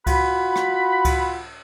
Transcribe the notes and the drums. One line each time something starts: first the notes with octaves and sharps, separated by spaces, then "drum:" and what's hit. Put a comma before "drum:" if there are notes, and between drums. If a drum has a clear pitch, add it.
F4 F#4 F#5 B5, drum: kick C#2, cymbal
drum: rim click
drum: kick C#2, cymbal